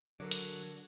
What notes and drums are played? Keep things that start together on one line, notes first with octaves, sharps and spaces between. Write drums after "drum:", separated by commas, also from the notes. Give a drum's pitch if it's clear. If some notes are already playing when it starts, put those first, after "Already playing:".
D3 F#3 A4 A#4 D5
drum: hi-hat